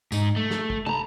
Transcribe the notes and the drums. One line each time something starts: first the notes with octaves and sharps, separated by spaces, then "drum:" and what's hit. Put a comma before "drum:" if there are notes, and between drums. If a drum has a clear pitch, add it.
G#2 D#4, drum: tambourine
A3
drum: snare
drum: kick
A5 A#5, drum: tom